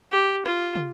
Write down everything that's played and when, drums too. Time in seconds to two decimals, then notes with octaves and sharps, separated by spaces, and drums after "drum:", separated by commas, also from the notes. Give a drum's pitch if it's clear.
0.12 G4
0.46 F4, drum: rim click
0.76 drum: tom